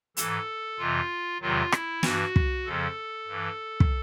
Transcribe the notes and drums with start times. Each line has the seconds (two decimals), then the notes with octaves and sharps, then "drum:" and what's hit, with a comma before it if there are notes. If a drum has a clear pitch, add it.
0.17 G#2 E3 A4, drum: hi-hat
0.79 F2 C3 E3 F4
1.41 E2 C3 D#3 F#3 F4
1.72 E4, drum: rim click
2.03 G2 E3 F#4, drum: snare
2.36 drum: kick
2.66 F2 C#3 F3 A4
3.27 G2 E3
3.80 drum: kick